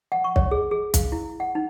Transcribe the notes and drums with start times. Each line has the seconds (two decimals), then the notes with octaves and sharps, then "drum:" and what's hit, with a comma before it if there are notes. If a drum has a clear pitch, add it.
0.12 F#5
0.24 C#6
0.36 C#5, drum: kick
0.51 G#4
0.71 G#4
0.94 F5, drum: kick, hi-hat
1.12 E4
1.40 F#5
1.55 D#4